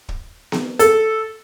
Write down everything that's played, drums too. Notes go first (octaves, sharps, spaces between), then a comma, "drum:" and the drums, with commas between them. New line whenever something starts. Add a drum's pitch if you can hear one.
drum: kick
drum: snare B3
A4, drum: hi-hat